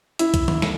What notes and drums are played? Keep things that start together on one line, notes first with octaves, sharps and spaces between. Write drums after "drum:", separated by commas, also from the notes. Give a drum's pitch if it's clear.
E4, drum: hi-hat
drum: kick C2, hi-hat
drum: tom D#3
drum: snare